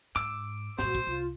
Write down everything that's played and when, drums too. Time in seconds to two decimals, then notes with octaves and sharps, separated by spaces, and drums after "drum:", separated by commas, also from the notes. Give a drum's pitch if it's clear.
0.16 G#2 D6 E6, drum: clap
0.79 G2 A#2 F#4 C5, drum: snare
0.95 drum: kick
1.07 C2 F4